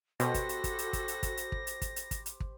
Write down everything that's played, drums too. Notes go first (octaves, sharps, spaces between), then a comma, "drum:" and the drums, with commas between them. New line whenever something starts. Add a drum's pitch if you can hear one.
B2 F#4 G4 A4 C5 B5 A#6, drum: hi-hat
drum: kick, hi-hat
drum: hi-hat
drum: kick, hi-hat
drum: hi-hat
drum: kick, hi-hat
drum: hi-hat
drum: kick, hi-hat
drum: hi-hat
drum: kick
drum: hi-hat
drum: kick, hi-hat
drum: hi-hat
drum: kick, hi-hat
drum: hi-hat
drum: kick